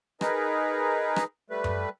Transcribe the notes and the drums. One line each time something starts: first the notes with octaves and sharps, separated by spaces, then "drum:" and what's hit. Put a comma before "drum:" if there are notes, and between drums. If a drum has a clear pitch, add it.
D#4 G#4 A#4 B4, drum: rim click
drum: rim click
G3 A3 B4
drum: tom F#2